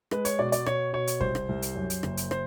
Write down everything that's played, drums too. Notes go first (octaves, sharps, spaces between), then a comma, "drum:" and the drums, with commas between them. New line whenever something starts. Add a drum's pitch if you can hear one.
G#3 B4, drum: rim click
C#5, drum: hi-hat
B2 D5
D5, drum: hi-hat
B2 C#5, drum: rim click
B2 C#5
drum: hi-hat
C2 C5, drum: kick
drum: rim click
C2
drum: hi-hat
F#2
drum: hi-hat
F#1, drum: rim click
drum: hi-hat
C5, drum: rim click